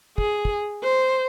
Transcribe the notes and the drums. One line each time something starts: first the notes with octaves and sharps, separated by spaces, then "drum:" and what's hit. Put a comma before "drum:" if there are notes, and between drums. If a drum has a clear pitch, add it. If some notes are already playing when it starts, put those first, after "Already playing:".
G#4, drum: kick
drum: kick
C5